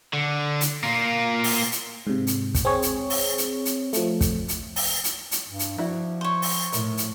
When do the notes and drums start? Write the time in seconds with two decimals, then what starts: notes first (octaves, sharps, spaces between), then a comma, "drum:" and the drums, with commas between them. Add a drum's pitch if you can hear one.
0.14 D3
0.61 drum: hi-hat
0.84 A#3 F4
1.44 drum: open hi-hat
1.71 drum: hi-hat
2.07 G#2 C3
2.27 drum: hi-hat
2.55 drum: kick, hi-hat
2.65 C4 G#4 C#5
2.82 drum: hi-hat
3.10 drum: open hi-hat
3.38 drum: hi-hat
3.65 drum: hi-hat
3.93 F3 A3, drum: hi-hat
4.21 drum: kick, hi-hat
4.48 drum: hi-hat
4.76 drum: open hi-hat
5.04 drum: hi-hat
5.31 drum: hi-hat
5.48 G2
5.59 drum: hi-hat
5.78 F3 D4 E4 F#4
6.21 C5 C#5
6.42 drum: open hi-hat
6.72 A2 D#3 E4, drum: hi-hat
6.97 drum: hi-hat